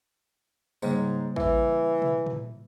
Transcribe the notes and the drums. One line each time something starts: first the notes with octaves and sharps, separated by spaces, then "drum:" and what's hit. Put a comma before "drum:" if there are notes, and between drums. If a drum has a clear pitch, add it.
G#2 C#3 G3 A#3, drum: tambourine
E3, drum: kick A1
drum: tom
drum: tom